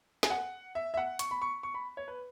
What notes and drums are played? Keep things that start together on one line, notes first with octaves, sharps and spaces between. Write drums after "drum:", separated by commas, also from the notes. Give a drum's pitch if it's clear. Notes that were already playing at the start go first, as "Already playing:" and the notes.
G#5, drum: snare
F#5
E5
E5
F#5
C#6, drum: hi-hat
B5
C#6
C#6
B5
C#5
B4